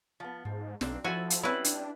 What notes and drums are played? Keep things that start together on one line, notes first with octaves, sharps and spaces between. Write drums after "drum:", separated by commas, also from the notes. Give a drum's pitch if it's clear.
F3 B3
G#2 F3
B1 A#3 C4 D4, drum: snare
F3 E4 F#4 A4 G#5
drum: hi-hat
G3 C4 C#4 E4 B4
D4, drum: hi-hat